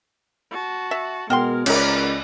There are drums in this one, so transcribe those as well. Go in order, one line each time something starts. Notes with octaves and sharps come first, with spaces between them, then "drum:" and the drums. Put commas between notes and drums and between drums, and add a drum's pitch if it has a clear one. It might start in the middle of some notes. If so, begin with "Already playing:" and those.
F#4 A5
E5
B2 G#3 F#4 A#4 G5 C6 F6
C#2 C#4 A#4 B4 D5, drum: cymbal